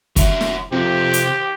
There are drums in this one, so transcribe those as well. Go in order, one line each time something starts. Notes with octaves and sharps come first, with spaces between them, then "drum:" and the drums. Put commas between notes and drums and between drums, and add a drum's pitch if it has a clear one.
F#3 E5, drum: kick, hi-hat
drum: snare
F2 C3 G4 C5
drum: hi-hat